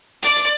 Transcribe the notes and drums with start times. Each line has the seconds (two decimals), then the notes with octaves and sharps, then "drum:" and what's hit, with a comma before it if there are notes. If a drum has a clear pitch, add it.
0.23 D5, drum: hi-hat
0.36 drum: hi-hat